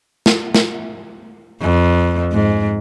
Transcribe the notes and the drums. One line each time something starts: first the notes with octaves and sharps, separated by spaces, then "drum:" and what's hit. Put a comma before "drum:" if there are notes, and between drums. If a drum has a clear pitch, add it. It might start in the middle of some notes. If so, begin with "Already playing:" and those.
drum: snare
drum: snare
F2
G#2